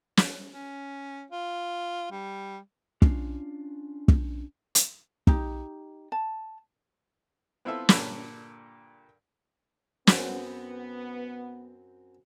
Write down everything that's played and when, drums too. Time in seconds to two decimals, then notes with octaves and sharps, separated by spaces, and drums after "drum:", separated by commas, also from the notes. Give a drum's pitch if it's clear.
0.17 drum: snare
0.51 C#4
1.31 F4
2.11 G3
3.02 C#4 D4 F4, drum: kick
4.08 drum: kick
4.75 drum: hi-hat
5.27 D#4 G4, drum: kick
6.12 A5
7.65 B3 C4 E4 F4 A4 E5
7.89 G2 A#2 D3 A4 B5 E6, drum: snare
10.07 F#2 B3 C4, drum: snare